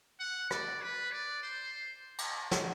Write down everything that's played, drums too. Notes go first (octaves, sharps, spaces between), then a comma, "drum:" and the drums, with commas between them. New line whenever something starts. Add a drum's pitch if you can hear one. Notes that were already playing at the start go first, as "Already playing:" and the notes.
F#5
D5, drum: rim click
B4
D5
C5
drum: cymbal
drum: snare